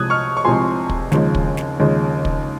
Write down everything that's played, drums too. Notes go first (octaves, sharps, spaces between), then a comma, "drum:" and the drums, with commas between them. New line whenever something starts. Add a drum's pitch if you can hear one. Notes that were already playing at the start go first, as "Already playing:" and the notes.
Already playing: C2 C3 F3 G#3 D#6 F#6 G#6
C#6 F6
C#6
C2 C3 F3 G#3 G#5 C6
drum: kick
D#2 C#3 F3 G#3, drum: snare
drum: kick
drum: snare
D#2 C#3 F3 G#3
drum: kick